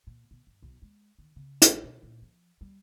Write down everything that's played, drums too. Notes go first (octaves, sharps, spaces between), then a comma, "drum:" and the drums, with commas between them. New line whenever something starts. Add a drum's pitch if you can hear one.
A#2
B2
G2
B1
G#3
D#3
C#3
A1, drum: hi-hat
B2
A#2
F3
G3